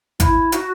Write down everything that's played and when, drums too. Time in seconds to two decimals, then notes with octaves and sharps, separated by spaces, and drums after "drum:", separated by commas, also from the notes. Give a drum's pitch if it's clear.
0.20 E4, drum: kick G#1, hi-hat
0.52 F#4, drum: hi-hat